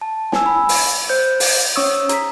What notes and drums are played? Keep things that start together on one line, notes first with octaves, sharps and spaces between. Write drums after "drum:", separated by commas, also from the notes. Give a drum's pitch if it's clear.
A5
G#5 E6, drum: snare
B5
drum: open hi-hat
C5 G6
drum: open hi-hat
C#4 C#5 C#6 D#6 E6
A#5 B6, drum: hi-hat